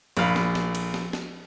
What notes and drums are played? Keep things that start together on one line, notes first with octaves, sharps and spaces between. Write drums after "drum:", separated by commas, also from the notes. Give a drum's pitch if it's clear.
A#1 F5 B5, drum: cymbal
drum: snare
drum: snare
drum: cymbal
drum: snare
drum: snare